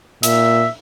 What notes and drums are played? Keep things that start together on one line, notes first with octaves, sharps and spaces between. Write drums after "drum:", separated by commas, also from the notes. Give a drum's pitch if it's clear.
A#2 E5, drum: hi-hat